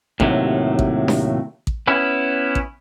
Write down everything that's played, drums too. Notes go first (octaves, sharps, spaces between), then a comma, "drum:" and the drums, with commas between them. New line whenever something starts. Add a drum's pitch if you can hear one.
D#2 A2 C3 F#3, drum: kick A1
drum: kick A1
drum: snare D4
drum: kick A1
B3 C#4 E4
drum: kick A1